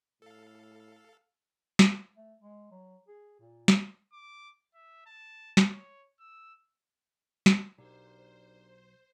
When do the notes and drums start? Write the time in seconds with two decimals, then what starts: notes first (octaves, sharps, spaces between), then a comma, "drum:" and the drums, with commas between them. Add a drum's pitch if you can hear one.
0.22 A2 A4 F5
1.79 drum: snare
2.17 A3
2.41 G#3
2.72 F#3
3.08 G#4
3.40 A#2
3.68 drum: snare
4.13 D6
4.75 E5
5.06 A5
5.57 drum: snare
5.71 C#5
6.20 E6
7.46 drum: snare
7.78 B1 D4 D#4 G4 A#4 C5